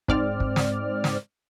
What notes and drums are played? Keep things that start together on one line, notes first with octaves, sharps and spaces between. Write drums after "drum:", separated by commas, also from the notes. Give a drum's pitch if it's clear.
G#2 C4 D5 F6, drum: kick
drum: kick
drum: snare
drum: snare